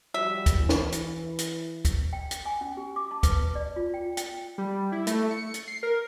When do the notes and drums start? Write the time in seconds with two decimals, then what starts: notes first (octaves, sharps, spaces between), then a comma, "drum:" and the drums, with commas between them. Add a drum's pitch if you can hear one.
0.14 F3 G3 F#4 E5
0.46 drum: kick, hi-hat
0.55 E3
0.69 drum: snare
0.92 drum: hi-hat
1.39 drum: hi-hat
1.85 drum: kick, hi-hat
2.13 G5
2.31 drum: hi-hat
2.45 G#5
2.61 C#4
2.77 G4
2.96 D6
3.11 A5
3.23 B4, drum: kick, hi-hat
3.38 B4
3.55 D5
3.76 F4
3.94 G5
4.17 G5, drum: hi-hat
4.58 G3
4.92 E4
5.07 A3, drum: hi-hat
5.31 C#7
5.54 drum: hi-hat
5.68 C7
5.83 A#4